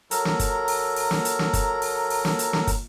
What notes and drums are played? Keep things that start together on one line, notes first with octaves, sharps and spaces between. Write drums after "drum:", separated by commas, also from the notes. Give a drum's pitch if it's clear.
F#3 A4 A#4 A#5, drum: hi-hat
drum: snare
drum: kick, hi-hat
drum: open hi-hat
drum: open hi-hat
drum: snare
drum: hi-hat
drum: snare
drum: kick, hi-hat
drum: open hi-hat
drum: open hi-hat
drum: snare
drum: hi-hat
drum: snare
drum: kick, hi-hat